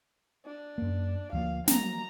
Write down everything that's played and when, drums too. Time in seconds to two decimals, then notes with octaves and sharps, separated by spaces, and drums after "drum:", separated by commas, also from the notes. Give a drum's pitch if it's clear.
0.45 D4
0.78 F#2 A#3
1.33 D2 F3 A#3 F5
1.68 F#3 A#3 A#5, drum: snare